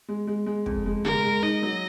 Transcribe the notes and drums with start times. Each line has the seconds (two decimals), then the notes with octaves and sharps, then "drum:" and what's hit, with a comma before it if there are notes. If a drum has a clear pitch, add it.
0.09 G#3
0.27 G#3
0.46 G#3
0.66 F2, drum: kick
0.86 G#3
1.05 G#3 A#4, drum: tom
1.23 G#3
1.43 D#4 D#5
1.62 F#3